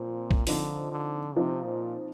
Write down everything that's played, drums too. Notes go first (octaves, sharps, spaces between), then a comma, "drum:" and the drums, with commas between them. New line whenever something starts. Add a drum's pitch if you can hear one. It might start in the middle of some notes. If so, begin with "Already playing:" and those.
Already playing: A#2 F3 C4
drum: kick
D3 F3 C4 D#4, drum: open hi-hat
D3
C3 F3 C4 D#4
A#2